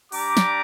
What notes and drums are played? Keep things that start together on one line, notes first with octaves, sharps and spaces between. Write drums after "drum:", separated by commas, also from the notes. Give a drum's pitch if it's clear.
G3 D4 G4 A#5 D6, drum: open hi-hat
drum: snare